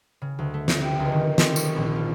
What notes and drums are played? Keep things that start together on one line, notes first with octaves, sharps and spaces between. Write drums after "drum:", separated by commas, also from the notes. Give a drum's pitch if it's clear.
C#3
D2
A3
drum: snare
G4
C#2
D#3
C4, drum: snare
C#6, drum: tambourine
A#1
F4